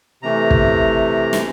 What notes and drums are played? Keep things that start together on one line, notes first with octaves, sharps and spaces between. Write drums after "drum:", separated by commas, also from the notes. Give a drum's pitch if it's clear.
C3 E3 A3 A#5
drum: kick
drum: snare